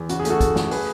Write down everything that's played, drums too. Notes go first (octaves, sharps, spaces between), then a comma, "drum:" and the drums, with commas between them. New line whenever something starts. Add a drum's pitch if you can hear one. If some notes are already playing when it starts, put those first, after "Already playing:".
Already playing: E2
C#3 F#4, drum: hi-hat
G#4
A3, drum: hi-hat
F#4 A4
A3, drum: kick, hi-hat
A3, drum: snare
G#4 B4, drum: open hi-hat